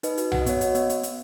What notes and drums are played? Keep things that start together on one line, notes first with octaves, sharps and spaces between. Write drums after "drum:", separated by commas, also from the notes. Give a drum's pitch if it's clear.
D#4 B4 D#5, drum: hi-hat
F#4, drum: hi-hat
F#4 F#5, drum: tom B1
D#5
B3 C#5 F#5, drum: hi-hat
F#4, drum: hi-hat
B3, drum: hi-hat
B3, drum: hi-hat
B3, drum: hi-hat